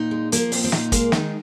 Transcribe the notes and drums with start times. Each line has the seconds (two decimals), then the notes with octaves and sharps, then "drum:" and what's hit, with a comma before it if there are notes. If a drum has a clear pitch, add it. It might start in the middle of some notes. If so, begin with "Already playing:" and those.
Already playing: A#2 D#4
0.11 G#3
0.32 F3 A#3, drum: hi-hat
0.52 A#2 C4, drum: open hi-hat
0.64 C4
0.72 A#2 D#4, drum: snare
0.92 G#3 A#3, drum: kick, hi-hat
1.12 D#3 D#4, drum: snare